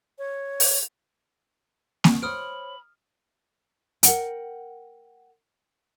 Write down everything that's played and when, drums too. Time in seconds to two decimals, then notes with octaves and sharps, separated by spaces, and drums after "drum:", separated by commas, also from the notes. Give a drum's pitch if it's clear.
0.19 C#5
0.60 drum: open hi-hat
2.04 drum: snare A#3
2.22 C5 C#5 B5 D#6 F6 D7
4.03 A#4 F#5 G5, drum: hi-hat